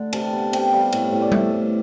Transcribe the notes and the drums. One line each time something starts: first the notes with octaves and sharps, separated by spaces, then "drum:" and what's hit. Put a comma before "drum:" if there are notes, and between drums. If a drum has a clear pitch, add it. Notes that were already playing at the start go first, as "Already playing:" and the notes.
Already playing: D3 A3
C3 A5, drum: cymbal
B3
C3 G5, drum: cymbal
G3 F5
A2, drum: cymbal
A2
D5
A3 E5, drum: tom G3
A2